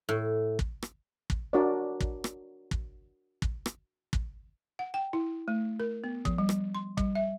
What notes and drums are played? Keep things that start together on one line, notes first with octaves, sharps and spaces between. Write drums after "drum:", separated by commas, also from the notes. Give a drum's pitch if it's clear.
A2
drum: kick
drum: rim click
drum: kick
D4 F#4 A#4 C#5 D5
drum: kick
drum: rim click
drum: kick
drum: kick
drum: rim click
drum: kick
F#5
G5
E4
A3
A#4
B3
F3, drum: kick
G3
drum: rim click
C6
G3, drum: kick
E5